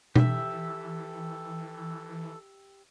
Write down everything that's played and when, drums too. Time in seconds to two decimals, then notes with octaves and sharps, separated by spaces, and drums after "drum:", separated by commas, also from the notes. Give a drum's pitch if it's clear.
0.16 E3 G4 A4 E5, drum: tom B2